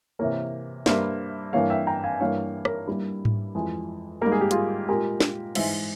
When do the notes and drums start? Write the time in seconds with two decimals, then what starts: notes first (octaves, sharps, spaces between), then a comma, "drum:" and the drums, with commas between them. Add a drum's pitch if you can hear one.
0.19 C3 E3 A#3 A#4 C#5
0.86 G2 G3 A#3 C5 E5, drum: snare
1.53 G2 E3 A#3 C#5 F5
1.70 E5 G5
1.87 G5 A#5
2.04 F5 G#5
2.20 G2 E3 A#3 C#5 F5
2.65 A#4 C#5, drum: rim click
2.87 G2 G3 A#3 E4 G4
3.25 drum: tom G#2
3.55 F2 E3 G#3
4.21 G#2 G3 A#3 A#4
4.32 G#4
4.41 G4
4.51 F4 G#4, drum: hi-hat
4.88 A#2 G#3 G4 A#4
5.20 drum: snare
5.55 G#2 E3 G#3 C5 E5, drum: cymbal